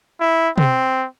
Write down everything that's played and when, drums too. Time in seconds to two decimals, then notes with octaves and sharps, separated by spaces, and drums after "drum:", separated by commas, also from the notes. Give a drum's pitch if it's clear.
0.21 E4
0.58 C4, drum: tom